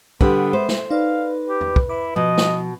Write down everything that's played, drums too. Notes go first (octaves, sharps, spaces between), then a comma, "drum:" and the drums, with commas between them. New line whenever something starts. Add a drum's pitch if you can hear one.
D3 G3 B3 D4 B4 C6, drum: kick
G#3 C5 E5
drum: snare
D#4 B4 D5 F5
G4
drum: tom E2
drum: kick
E4 D6
B2 F3 D#5
drum: snare